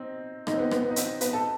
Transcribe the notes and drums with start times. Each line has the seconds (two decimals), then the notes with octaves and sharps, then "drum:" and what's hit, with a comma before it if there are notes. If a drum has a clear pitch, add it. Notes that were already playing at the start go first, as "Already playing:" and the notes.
Already playing: C4 D#4
0.47 D#3 D#4, drum: rim click
0.53 C4
0.59 B3
0.71 B3, drum: rim click
0.84 B3
0.90 D#4
0.96 C4, drum: hi-hat
1.21 B3 B4, drum: hi-hat
1.33 A4 A5